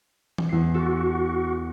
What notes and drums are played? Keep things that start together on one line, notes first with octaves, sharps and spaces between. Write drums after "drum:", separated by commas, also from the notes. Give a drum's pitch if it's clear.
drum: tom E3
E2 C7
F#4 A4